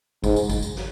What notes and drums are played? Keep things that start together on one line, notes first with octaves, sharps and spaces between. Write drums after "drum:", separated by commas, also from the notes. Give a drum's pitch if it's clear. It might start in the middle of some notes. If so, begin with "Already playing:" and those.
G#2, drum: kick G#1, tambourine
drum: tambourine
drum: kick G#1, tambourine
drum: tambourine
drum: snare